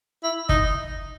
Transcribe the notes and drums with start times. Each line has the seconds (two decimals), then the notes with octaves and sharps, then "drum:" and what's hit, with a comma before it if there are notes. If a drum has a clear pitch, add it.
0.24 E4
0.49 D#4, drum: kick G1